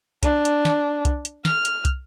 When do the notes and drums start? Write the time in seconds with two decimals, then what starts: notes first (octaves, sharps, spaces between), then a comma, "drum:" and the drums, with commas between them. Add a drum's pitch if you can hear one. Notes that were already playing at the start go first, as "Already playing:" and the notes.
0.23 D4, drum: kick, hi-hat
0.45 drum: hi-hat
0.65 drum: snare
1.05 drum: kick, hi-hat
1.25 drum: hi-hat
1.45 F6, drum: snare
1.65 drum: hi-hat
1.85 drum: kick, hi-hat